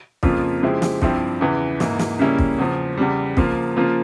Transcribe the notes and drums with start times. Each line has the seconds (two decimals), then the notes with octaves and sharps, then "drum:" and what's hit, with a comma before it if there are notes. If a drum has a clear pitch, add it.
0.23 F2 C#3 F3 A#3 F4, drum: kick
0.62 C#3 F3 G#3 E4 G4
0.82 drum: snare
1.02 G2 F3 C4 E4 G4, drum: kick
1.41 E2 C#3 E3
1.80 G#2 E3 A#3, drum: snare
1.99 drum: snare
2.19 C#3 G3 A#3 C#4 E4
2.39 drum: kick
2.58 E2 C#3 F3
2.97 E2 C#3 G3
3.37 C#3 F3 A#3 F4, drum: kick
3.76 C#3 F3 A#3 F4